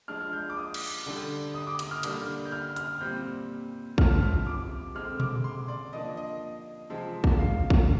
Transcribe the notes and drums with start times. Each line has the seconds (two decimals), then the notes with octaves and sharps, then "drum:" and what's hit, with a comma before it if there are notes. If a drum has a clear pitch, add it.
0.08 F3 G#3 D4 F6
0.21 F6
0.33 G6
0.50 D6
0.57 D#6
0.74 drum: cymbal
1.06 D3 G3 D4
1.54 D#6
1.67 D6
1.79 D#6, drum: cymbal
1.91 F6
2.03 D3 G3 A#3 D4 F6, drum: cymbal
2.45 G6
2.52 F6
2.76 F6, drum: hi-hat
3.01 A#2 G3 C4 G6
3.98 C3 F3 C4 F6, drum: kick
4.22 F6
4.47 D6
4.95 D3 G#3 C4 F6
5.20 D6, drum: tom A#2
5.44 C6
5.68 D5
5.93 F3 A#3 D4 D#5
6.17 D#5
6.90 C3 F3 G#3 C4
7.24 drum: kick
7.39 F5
7.70 drum: kick